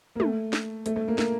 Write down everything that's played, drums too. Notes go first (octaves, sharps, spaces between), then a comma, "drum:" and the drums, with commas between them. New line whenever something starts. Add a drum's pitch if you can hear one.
A#3
A3, drum: tom
drum: snare
A3, drum: hi-hat
A3
A#3
A#3, drum: snare